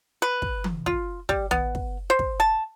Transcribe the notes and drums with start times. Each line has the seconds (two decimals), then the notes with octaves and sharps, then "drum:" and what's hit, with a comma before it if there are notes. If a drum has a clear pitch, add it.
0.22 B4
0.42 drum: kick
0.64 drum: tom E3
0.86 F4, drum: kick
1.29 G3, drum: kick
1.51 B3, drum: tom
1.75 drum: kick
2.10 C5
2.19 drum: kick
2.40 A5